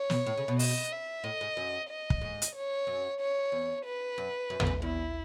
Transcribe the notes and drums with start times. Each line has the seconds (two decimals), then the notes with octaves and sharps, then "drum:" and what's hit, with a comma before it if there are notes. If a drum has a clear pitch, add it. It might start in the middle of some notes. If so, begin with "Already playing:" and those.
Already playing: C#5
0.10 B2, drum: snare
0.26 A2
0.38 C#3
0.48 B2
0.59 D#5, drum: open hi-hat
0.92 E5
1.24 A2 D#5
1.41 G#2
1.57 F#2
1.89 D#5
2.10 drum: kick
2.21 G#2
2.42 drum: hi-hat
2.55 C#5
2.87 F#2
3.20 C#5
3.52 E2
3.85 B4
4.18 F#2
4.50 F#2
4.60 E2, drum: tom
4.67 F#2
4.82 E2 E4